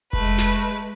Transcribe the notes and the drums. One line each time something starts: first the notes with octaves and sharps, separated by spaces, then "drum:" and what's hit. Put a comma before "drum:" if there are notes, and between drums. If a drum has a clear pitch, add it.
G#3 A3 B4, drum: kick F1
drum: snare